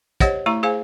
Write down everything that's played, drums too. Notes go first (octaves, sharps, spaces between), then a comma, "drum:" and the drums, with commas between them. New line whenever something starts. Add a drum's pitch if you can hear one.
G4 C5 C#5 D#5 F#5, drum: kick, hi-hat
A3 E4 A#5 C#6
G#4 C5 F5 G#5